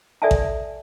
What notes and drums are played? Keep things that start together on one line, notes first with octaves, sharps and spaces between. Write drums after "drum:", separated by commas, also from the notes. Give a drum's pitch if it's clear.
A4 D5 E5 G#5 A5
drum: kick A1